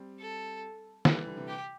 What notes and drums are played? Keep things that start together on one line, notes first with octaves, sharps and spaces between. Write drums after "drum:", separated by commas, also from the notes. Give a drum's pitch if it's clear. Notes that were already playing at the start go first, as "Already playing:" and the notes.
Already playing: G3 C4
A4
D3 G3, drum: snare
E3
D3 G3
D3 G3
C3 E3
G4